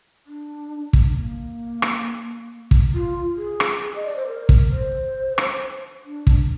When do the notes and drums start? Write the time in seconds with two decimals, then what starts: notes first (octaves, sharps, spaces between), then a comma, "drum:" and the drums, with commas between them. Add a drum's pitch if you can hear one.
0.26 D4
0.93 drum: kick
1.15 A#3
1.82 drum: rim click
2.71 drum: kick
2.94 F4
3.37 G#4
3.60 drum: rim click
3.95 D#5
4.05 D5
4.16 C5
4.27 A#4
4.49 drum: kick
4.71 C5
5.38 drum: rim click
6.05 D4
6.27 drum: kick